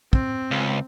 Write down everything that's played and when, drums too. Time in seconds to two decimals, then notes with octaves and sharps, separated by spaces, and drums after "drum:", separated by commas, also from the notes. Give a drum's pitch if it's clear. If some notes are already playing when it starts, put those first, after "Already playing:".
0.13 C4, drum: kick
0.51 C#2